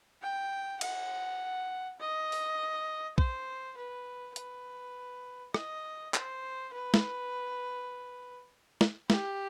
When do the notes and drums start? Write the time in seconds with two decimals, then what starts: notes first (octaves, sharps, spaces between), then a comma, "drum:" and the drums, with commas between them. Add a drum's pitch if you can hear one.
0.22 G5
0.81 F#5, drum: cymbal
2.00 D#5
2.32 drum: open hi-hat
3.18 C5, drum: kick
3.77 B4
4.36 B4, drum: hi-hat
5.54 D#5, drum: rim click
6.14 C5, drum: clap
6.73 B4
6.94 drum: snare
8.81 drum: snare
9.10 G4, drum: snare